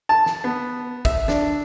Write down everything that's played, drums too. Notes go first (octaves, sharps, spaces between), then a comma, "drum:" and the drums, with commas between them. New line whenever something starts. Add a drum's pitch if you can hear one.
A5
drum: snare
B3
E5, drum: kick, hi-hat
D4, drum: snare